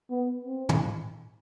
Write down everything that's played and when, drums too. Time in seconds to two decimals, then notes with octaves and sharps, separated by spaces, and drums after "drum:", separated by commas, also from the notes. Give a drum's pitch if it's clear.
0.10 B3
0.45 C4
0.69 drum: tom